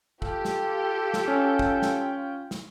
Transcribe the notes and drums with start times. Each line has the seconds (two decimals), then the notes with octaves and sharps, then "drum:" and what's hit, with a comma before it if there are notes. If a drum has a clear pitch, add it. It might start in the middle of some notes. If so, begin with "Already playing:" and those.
0.22 F4 G4 A4 G5, drum: kick
0.45 drum: snare
1.14 drum: snare
1.28 C#4
1.59 drum: kick
1.82 drum: snare
2.51 drum: snare